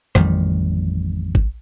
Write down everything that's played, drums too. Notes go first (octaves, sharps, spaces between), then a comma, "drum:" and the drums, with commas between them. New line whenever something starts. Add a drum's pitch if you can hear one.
A1 F2 D#3 G3, drum: rim click
drum: kick